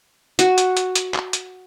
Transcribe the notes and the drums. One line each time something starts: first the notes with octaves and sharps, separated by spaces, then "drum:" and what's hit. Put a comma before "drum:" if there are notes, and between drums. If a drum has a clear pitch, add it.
F#4, drum: hi-hat
drum: hi-hat
drum: hi-hat
drum: hi-hat
drum: clap
drum: hi-hat